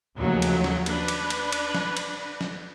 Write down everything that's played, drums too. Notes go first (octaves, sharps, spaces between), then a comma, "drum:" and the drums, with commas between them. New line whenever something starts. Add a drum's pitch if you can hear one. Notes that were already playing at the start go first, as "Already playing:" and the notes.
D#2 C#3 F3 F#3 A3
drum: cymbal
drum: snare
D4 B4, drum: cymbal
drum: cymbal
drum: cymbal
drum: cymbal
drum: snare
drum: cymbal
drum: snare